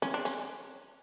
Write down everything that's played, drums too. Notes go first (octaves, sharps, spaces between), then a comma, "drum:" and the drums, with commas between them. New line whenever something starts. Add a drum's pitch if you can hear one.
C#4, drum: snare C4
D4
C#4, drum: hi-hat